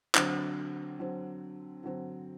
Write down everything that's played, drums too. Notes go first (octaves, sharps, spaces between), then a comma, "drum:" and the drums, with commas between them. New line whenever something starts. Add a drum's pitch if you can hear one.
D3 F#3 C4, drum: clap
D3 F#3 C4
D3 F#3 C4